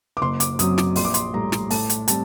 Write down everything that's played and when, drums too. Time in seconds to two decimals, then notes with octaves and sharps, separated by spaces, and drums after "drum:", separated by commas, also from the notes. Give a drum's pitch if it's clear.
0.17 D6
0.22 F#1 C6
0.40 D6, drum: hi-hat
0.59 F#2 F#3 C4 D#6, drum: hi-hat
0.78 D6, drum: snare
0.96 A#1 C6, drum: open hi-hat
1.05 D6
1.14 C6, drum: hi-hat
1.33 A2 G3 A#5
1.52 drum: snare
1.70 A2 A5, drum: open hi-hat
1.90 drum: hi-hat
2.08 G3 C4 A5, drum: hi-hat